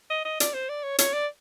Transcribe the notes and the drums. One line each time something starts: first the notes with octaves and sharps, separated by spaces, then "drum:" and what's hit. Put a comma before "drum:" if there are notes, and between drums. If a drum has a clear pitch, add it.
D#5
D#5
D5, drum: hi-hat
C5
D5
C#5
C#5, drum: hi-hat
D5